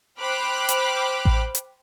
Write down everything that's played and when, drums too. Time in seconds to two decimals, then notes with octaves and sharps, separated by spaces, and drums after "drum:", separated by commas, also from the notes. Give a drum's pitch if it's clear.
0.20 C5 G5 B5 D6 F6 F#6
0.69 drum: hi-hat
1.25 drum: kick A1
1.55 drum: hi-hat